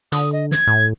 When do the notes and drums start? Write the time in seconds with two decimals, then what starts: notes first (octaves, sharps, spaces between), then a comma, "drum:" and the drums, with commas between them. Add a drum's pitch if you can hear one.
0.12 D3 D#6, drum: hi-hat
0.32 D#5
0.51 G#6, drum: snare
0.67 A2